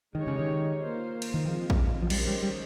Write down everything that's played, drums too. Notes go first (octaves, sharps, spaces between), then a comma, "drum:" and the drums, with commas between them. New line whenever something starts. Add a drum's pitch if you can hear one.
D#3 G#3 D#4 G4 C#5
C#3
D#3
A#3 F4 C5
drum: cymbal
D#3
F3 G#3 C4 F4
drum: kick A#1
F3
D#3 G3 G#3 C#4 G4 C5, drum: cymbal
G3
G3